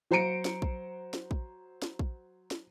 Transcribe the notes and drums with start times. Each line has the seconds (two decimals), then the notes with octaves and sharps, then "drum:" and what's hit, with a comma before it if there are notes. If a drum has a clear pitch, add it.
0.11 F#3 C5 A#5 C#7 D7
0.45 drum: snare
0.62 drum: kick
1.14 drum: snare
1.31 drum: kick
1.82 drum: snare
1.99 drum: kick
2.51 drum: snare